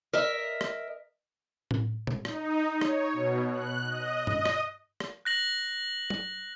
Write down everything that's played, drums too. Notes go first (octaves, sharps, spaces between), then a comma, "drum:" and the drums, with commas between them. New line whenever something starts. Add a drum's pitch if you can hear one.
A#4 D#5 E5
drum: rim click
drum: tom A2
drum: tom A#2
D#4, drum: rim click
C#5, drum: rim click
B2
F#6
D#5
D#5, drum: tom G2
drum: rim click
drum: rim click
F#6 A#6 F#7
drum: tom F#3